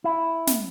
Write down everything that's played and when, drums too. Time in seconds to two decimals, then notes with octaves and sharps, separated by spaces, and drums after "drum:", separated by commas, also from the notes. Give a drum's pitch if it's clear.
0.04 E4
0.47 drum: snare